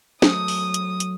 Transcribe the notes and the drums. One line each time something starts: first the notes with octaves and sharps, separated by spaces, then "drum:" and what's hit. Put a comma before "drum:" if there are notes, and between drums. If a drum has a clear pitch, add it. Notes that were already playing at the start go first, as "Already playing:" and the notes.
F#3 A3 D#6, drum: snare
drum: open hi-hat
drum: hi-hat
drum: hi-hat